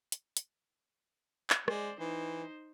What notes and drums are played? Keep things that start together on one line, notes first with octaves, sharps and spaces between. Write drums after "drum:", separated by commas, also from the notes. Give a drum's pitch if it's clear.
drum: hi-hat
drum: hi-hat
drum: clap
G#3 C5 D5, drum: rim click
E3 D#4 C5